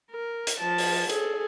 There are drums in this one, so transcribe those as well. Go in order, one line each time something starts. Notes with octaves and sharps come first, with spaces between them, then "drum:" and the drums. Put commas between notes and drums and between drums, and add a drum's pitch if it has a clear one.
A#4
drum: hi-hat
F3 A5
drum: open hi-hat
G#4 A4, drum: hi-hat